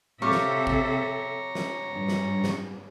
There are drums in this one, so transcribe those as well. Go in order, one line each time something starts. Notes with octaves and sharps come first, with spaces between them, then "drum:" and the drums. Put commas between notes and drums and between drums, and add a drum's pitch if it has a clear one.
C3 G4 A4 C#5 E5 F5 A#5 C#6
drum: snare
drum: kick G#1
drum: snare
G2
drum: snare
drum: snare